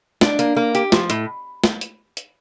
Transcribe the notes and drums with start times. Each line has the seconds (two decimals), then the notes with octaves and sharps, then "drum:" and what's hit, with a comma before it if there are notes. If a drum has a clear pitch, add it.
0.21 D4, drum: snare
0.39 A#3, drum: hi-hat
0.56 A#3
0.75 G4, drum: hi-hat
0.92 F3, drum: snare
1.10 A2, drum: hi-hat
1.64 drum: snare
1.81 drum: hi-hat
2.17 drum: hi-hat